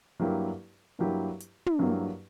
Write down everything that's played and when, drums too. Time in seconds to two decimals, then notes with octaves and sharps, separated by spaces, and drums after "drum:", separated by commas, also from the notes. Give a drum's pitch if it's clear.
0.20 G2 F#3 A#3 E4 G4
0.99 G2 F#3 A#3 E4 G4
1.40 drum: hi-hat
1.66 drum: tom
1.79 G2 F#3 A#3 E4 G4